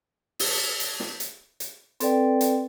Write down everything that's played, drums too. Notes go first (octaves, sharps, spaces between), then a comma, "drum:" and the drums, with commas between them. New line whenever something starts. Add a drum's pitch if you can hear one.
drum: open hi-hat
drum: hi-hat
drum: snare
drum: hi-hat
drum: hi-hat
C4 A4 B4 D5 G5, drum: hi-hat
drum: hi-hat